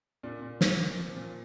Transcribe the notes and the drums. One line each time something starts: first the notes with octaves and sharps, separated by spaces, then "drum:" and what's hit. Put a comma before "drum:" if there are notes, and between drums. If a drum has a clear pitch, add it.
A#2 D4
A#2
A#2, drum: snare
A#2
F3
A#2